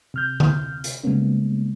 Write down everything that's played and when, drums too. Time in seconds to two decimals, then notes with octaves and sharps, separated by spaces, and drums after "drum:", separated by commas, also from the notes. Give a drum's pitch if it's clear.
0.14 C3 F6 G6
0.40 drum: tom D3
0.84 drum: hi-hat
1.04 C#3 G3 G#3 A#3 B3 C#4